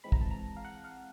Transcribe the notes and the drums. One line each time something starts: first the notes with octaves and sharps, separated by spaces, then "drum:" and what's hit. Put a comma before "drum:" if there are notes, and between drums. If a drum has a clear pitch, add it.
E3 G#3 C4 B5
A#5, drum: kick
A5
A#5
F5
F#5
F5